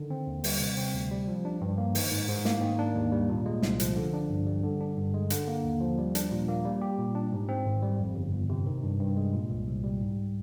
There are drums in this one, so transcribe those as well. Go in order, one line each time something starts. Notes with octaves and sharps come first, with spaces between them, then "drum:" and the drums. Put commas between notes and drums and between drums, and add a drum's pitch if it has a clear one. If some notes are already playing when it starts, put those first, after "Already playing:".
Already playing: D3 D#3
C4
D#2
G3, drum: open hi-hat
C3
C4
D2
G3
F3
D4
G2
A#3
D#3, drum: open hi-hat
G#2
G#2
A#3, drum: snare
D#3
D4
D#2
G3
A#2
G#3
C2, drum: snare
F3, drum: hi-hat
D3
D4
G2
G3
D3
D4
G2
G#3
D3, drum: hi-hat
A#3
D#2
F3
G3
D4, drum: hi-hat
A#2
A#3
G3
G4
A#2
D4
G#2
C4
G#1
G3
F2
G1
G1
C3
D#3
G2
G2
G#3
A#2
C2
C2
G3
G#2